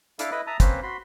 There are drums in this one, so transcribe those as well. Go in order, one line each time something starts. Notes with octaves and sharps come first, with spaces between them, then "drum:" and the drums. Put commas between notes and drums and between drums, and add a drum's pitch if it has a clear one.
D4 E4 A4 F5 D6, drum: hi-hat
E4 B4 D#5 B5
E5 A5 A#5 D#6
A#3 C4 C#4 B4 C5, drum: kick, hi-hat
F#4 B5 C6